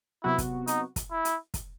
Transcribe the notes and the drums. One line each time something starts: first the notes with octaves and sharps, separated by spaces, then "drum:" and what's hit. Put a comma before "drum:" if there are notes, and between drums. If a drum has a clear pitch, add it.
C3 F#3 B3 E4 F#4
drum: kick, hi-hat
D#4, drum: hi-hat
drum: kick, hi-hat
E4
drum: hi-hat
drum: kick, hi-hat